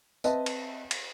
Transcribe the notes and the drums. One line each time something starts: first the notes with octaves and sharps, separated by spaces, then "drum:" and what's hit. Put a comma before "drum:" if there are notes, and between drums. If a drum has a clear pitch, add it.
C4 B4 D#5 E5 A5, drum: tambourine
drum: cymbal
drum: cymbal